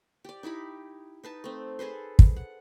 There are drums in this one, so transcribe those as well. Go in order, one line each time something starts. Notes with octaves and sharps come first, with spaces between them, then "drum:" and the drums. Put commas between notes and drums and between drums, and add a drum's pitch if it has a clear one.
G4 D5
D#4 E4 G4 B5
D#4 B4 A5
A3 C4
G#4 A4 B4 C5
drum: kick
F#5